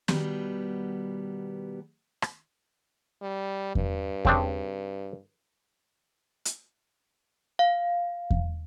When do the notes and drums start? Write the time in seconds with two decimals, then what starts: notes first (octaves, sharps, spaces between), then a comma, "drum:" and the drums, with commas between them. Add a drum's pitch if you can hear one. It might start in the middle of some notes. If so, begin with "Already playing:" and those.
0.08 B2 D#3 G3 B3, drum: snare
2.22 drum: rim click
3.22 G3
3.75 G2, drum: kick E2
4.25 C#3 C4 D4, drum: kick E2
6.45 drum: hi-hat
7.59 F5
8.30 drum: kick E2